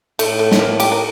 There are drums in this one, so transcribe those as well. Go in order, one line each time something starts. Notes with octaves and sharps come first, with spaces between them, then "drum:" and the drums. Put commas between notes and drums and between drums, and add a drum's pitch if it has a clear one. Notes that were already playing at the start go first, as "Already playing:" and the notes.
A2 A3, drum: cymbal
A3
A3, drum: snare
A#3
G4, drum: cymbal
A#4